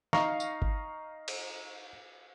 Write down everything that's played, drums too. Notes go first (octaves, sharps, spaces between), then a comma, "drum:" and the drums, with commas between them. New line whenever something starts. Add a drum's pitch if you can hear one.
D#4 F5 A#5 C#6, drum: snare
drum: tambourine
drum: kick G1
drum: cymbal